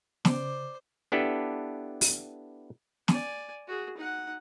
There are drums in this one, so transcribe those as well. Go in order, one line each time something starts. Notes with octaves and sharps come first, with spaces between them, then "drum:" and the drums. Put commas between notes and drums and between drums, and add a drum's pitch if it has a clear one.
C#3 C5 D5, drum: snare
B3 D4 E4 G4 A4 B4
drum: open hi-hat
D5 G#5, drum: snare
F#4 G#4
D#4 F#5